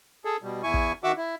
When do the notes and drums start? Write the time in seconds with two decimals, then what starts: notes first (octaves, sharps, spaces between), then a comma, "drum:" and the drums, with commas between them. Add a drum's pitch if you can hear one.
0.25 G#4 A4
0.43 B2 G3
0.63 E2 E4 G#5 C#6
0.74 drum: kick
1.04 D#3 F#4 E5 F#5 D6 E6
1.17 E4